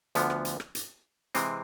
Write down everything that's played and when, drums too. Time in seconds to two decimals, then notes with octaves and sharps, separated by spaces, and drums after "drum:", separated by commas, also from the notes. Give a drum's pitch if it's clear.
0.15 D2 D3 F3 B3, drum: hi-hat
0.30 drum: rim click
0.45 drum: hi-hat
0.60 drum: rim click
0.75 drum: hi-hat
1.35 C3 E3 G#3 C4, drum: hi-hat